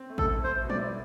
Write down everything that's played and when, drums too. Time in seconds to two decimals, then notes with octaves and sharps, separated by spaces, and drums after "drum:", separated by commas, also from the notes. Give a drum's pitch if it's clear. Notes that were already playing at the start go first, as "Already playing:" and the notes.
Already playing: C4
0.09 A3
0.18 A4, drum: kick A1
0.27 E4
0.44 A3 C5
0.62 B2
0.70 D5, drum: tom F3
0.79 E4